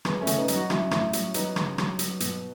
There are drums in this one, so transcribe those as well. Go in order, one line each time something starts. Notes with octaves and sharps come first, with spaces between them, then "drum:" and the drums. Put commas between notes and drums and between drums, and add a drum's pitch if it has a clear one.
F#3 G#3 B3, drum: rim click
A3 C#4
C#3, drum: hi-hat
B3 D#4
F#3, drum: hi-hat
D#4 F#4
F#3 C#4 E4, drum: rim click
A2, drum: rim click
F#3, drum: hi-hat
F#3 B3 D#4, drum: hi-hat
C#3, drum: rim click
F#3, drum: rim click
F#3, drum: hi-hat
B2, drum: hi-hat